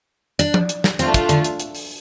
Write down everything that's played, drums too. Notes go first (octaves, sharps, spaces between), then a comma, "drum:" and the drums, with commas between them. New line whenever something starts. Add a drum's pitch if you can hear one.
D4, drum: hi-hat
drum: tom F3
drum: hi-hat
drum: snare
A3 C4 D4 F4, drum: hi-hat
drum: kick, hi-hat
D3, drum: hi-hat
drum: hi-hat
drum: hi-hat
drum: open hi-hat